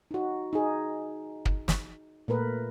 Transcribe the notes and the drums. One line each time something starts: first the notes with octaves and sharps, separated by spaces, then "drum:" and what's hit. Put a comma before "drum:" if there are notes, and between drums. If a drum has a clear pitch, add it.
D#4 F#4
D#4 G#4
drum: kick
drum: snare
A#2 A3 A#4 B4